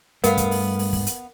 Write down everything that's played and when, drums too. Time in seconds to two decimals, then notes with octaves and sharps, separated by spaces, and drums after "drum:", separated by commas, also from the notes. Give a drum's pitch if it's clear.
0.24 G2 G3 A3 B3 A#4 F5, drum: hi-hat
0.37 drum: kick, hi-hat
0.51 drum: open hi-hat
0.79 drum: open hi-hat
0.93 drum: kick, open hi-hat
1.07 drum: hi-hat